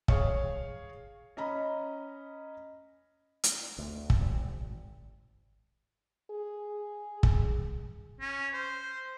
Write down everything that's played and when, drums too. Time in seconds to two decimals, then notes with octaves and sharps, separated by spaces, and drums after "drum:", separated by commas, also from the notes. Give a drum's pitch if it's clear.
0.08 G#4 C#5 F5, drum: kick
1.37 C#4 D#5 A#5 B5
3.44 drum: hi-hat
3.78 D2
4.10 drum: kick
4.21 G#1
6.31 G#4
7.23 drum: kick
8.20 C#4
8.53 C5